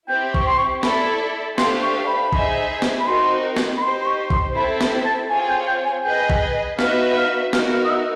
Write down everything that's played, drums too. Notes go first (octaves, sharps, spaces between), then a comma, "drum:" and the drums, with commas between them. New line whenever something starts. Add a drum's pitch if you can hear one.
C4 E4 G4 G5
C#6, drum: kick
C6
C#6
E4 A4 D5 B5, drum: snare
A3 D4 G4 C5 F5 C6, drum: snare
C#6
B5
D#4 G#4 C5 E5, drum: kick
drum: snare
B5
C4 D#4 F#4 A#4 C6
drum: snare
B5
D#4 G4 C5 C6
C6
C#6
C6, drum: kick
C4 E4 A4 B5
drum: snare
A5
C4 F4 G#4 C#5 G#5
G#5
G5
G5
G#5
G#4 B4 D#5 G5
drum: kick
B3 D#4 F#4 B4 E5 F5, drum: snare
F5
B3 D#4 F#4 A#4 F5, drum: snare
F5
D#5
E5